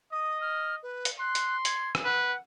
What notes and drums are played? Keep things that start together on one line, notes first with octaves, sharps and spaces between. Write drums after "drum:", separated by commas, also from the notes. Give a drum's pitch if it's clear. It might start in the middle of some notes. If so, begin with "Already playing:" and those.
D#5 D#6
F6
B4
drum: hi-hat
C6 F#6
drum: hi-hat
G#6, drum: hi-hat
drum: rim click
B4 F#5